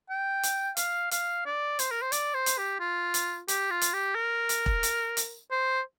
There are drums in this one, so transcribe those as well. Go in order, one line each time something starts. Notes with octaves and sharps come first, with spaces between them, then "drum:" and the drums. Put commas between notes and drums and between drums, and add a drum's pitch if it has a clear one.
G5
drum: hi-hat
F5, drum: hi-hat
F5, drum: hi-hat
D5
C5, drum: hi-hat
A#4
C5
D5, drum: hi-hat
C5
drum: hi-hat
G4
F4
drum: hi-hat
G4, drum: hi-hat
F4
drum: hi-hat
G4
A#4
drum: hi-hat
drum: kick E1
drum: hi-hat
drum: hi-hat
C5